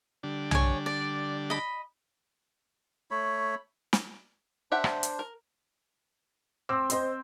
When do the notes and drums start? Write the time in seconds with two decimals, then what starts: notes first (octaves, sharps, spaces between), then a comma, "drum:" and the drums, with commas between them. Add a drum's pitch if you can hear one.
0.23 D3 G3 D4
0.51 C#5 G#5, drum: tom B1
0.86 D5
1.50 D#5 B5
3.11 A3 C#5 B5
3.93 drum: snare
4.72 D4 G4 C5 E5 F#5
4.84 drum: rim click
5.03 drum: hi-hat
5.19 A#4
6.69 C4 D6 E6
6.90 C5 D#5 C6, drum: hi-hat